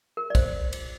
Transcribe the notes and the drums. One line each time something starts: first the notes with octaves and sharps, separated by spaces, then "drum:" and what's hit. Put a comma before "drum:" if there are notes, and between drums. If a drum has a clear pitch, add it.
A#4
D5
C5, drum: kick, cymbal
drum: cymbal